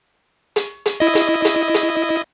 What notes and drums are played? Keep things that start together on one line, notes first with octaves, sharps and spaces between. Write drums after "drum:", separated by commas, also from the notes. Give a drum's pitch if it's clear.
drum: hi-hat
drum: hi-hat
E4 D#5
drum: hi-hat
drum: hi-hat
drum: hi-hat